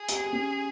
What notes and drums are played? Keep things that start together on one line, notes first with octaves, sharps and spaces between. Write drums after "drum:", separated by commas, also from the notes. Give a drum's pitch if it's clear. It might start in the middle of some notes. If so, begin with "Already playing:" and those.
Already playing: G#4
G4, drum: hi-hat
C#4